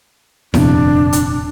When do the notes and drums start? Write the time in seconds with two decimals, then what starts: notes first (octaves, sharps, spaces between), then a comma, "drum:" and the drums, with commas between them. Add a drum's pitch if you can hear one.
0.54 D#1 F2 C3 D4, drum: snare E4
1.13 drum: hi-hat